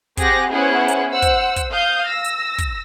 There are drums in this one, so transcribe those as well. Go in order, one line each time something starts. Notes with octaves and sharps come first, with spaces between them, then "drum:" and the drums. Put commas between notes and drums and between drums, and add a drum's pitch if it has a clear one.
C4 G4 G#4 F#5 D6 A#6, drum: kick, hi-hat
B3 C#4 E4 G#4 C5 F#5
drum: hi-hat
C5 F#5 E6
drum: kick, hi-hat
drum: kick, hi-hat
F5 D#6 G6
E6 A#6
drum: hi-hat
drum: kick, hi-hat